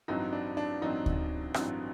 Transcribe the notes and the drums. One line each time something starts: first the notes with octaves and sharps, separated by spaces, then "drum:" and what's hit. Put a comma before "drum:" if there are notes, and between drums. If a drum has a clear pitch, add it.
A1 G2 F#3 C4 D#4
D4
D4
A1 G2 F#3 C4 D#4
drum: kick D2
A1 G2 F#3 C4, drum: rim click